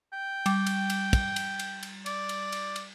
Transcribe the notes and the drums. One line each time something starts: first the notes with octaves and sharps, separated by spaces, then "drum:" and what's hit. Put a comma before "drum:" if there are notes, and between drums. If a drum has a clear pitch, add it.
G5
G3, drum: cymbal
drum: cymbal
drum: cymbal
drum: kick, cymbal
drum: cymbal
drum: cymbal
drum: cymbal
D5, drum: cymbal
drum: cymbal
drum: cymbal
drum: cymbal